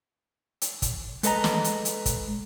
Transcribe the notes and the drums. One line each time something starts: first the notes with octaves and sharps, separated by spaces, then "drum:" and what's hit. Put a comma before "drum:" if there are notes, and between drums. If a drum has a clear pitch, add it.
drum: hi-hat
drum: kick, hi-hat
G#3 A4 B4 D#5 G#5 A#5, drum: hi-hat
drum: snare
drum: hi-hat
drum: hi-hat
drum: kick, hi-hat